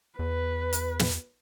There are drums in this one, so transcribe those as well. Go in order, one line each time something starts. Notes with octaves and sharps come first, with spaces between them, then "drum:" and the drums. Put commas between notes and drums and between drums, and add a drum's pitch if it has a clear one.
E2 B4
drum: hi-hat
drum: snare